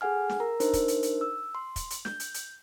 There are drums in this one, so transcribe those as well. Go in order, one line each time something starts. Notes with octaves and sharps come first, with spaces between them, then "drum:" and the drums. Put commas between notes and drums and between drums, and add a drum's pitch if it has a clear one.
G#4 A4 F#5 G#5 F6
drum: snare
A#4 A#5
D4 D#4 A#4 C5, drum: hi-hat
drum: kick, hi-hat
drum: hi-hat
drum: hi-hat
E6
C6
drum: kick, hi-hat
drum: hi-hat
G6, drum: snare
drum: hi-hat
drum: hi-hat